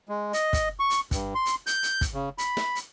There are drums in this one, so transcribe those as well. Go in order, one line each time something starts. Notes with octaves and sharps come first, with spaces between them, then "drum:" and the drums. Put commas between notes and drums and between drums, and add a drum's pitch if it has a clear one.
G#3
D#5, drum: hi-hat
drum: kick, hi-hat
C#6
drum: hi-hat
G2, drum: kick, hi-hat
C6
drum: hi-hat
G6, drum: hi-hat
drum: hi-hat
drum: kick, hi-hat
C#3
B5, drum: hi-hat
drum: snare
drum: hi-hat